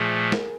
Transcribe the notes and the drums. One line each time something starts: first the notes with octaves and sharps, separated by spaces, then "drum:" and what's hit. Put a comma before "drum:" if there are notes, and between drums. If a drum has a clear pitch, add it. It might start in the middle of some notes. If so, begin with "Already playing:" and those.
Already playing: A#2 F3 A3 G#4
A#4, drum: snare